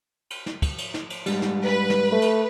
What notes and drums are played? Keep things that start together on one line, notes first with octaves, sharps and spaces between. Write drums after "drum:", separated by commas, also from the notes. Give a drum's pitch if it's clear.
drum: cymbal
drum: snare
drum: kick, cymbal
drum: cymbal
drum: snare
drum: cymbal
G#2 G3, drum: cymbal
drum: snare
B4
drum: snare
A3
drum: cymbal